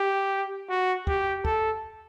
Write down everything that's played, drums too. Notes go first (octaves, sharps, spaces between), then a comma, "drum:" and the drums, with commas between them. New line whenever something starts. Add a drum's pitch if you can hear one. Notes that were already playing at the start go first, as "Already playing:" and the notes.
Already playing: G4
F#4
G4, drum: kick
A4, drum: kick